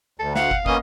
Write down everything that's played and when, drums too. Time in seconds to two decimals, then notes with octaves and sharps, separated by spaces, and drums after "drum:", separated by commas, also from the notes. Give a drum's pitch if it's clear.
0.19 D2 A4
0.36 F5 F#5, drum: snare
0.51 drum: kick
0.66 A#3 B3 C#4 D#5, drum: kick